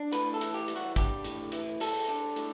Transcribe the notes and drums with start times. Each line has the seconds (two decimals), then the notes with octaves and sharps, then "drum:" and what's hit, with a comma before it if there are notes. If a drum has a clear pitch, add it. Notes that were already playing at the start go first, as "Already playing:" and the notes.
Already playing: D4
0.13 A2 B4, drum: hi-hat
0.34 A4
0.41 E3, drum: hi-hat
0.54 G4
0.68 G3, drum: hi-hat
0.76 F#4
0.96 D4 G4, drum: kick, hi-hat
1.24 A2, drum: hi-hat
1.52 E3, drum: hi-hat
1.80 G3 A4, drum: open hi-hat
2.09 D4, drum: hi-hat
2.36 A2, drum: hi-hat